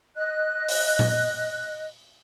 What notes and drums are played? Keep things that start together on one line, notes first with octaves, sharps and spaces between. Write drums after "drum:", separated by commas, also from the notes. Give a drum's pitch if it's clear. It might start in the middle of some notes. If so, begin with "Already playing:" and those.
D#5 F#6
drum: open hi-hat
drum: tom A#2